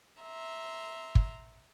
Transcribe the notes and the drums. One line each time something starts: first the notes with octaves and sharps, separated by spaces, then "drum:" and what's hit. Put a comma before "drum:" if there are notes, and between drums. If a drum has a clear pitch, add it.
E5 A#5 C6
drum: kick